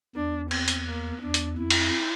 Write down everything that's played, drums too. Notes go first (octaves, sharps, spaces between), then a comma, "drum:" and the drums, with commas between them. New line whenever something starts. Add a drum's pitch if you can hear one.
E2 D4
C4, drum: cymbal
drum: hi-hat
A#3
E2 D4
drum: hi-hat
F2 E4
drum: cymbal